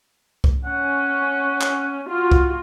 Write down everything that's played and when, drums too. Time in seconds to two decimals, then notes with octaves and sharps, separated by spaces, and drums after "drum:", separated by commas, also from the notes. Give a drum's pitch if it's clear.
0.44 drum: kick C2
0.65 C#4 F#5
1.61 drum: clap
2.08 F4 F#4
2.31 drum: kick C2